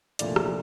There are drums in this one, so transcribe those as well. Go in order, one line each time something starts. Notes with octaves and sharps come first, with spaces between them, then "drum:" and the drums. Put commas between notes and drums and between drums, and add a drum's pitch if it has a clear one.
C2 A#2 F3 A3 D4 D5, drum: hi-hat
drum: rim click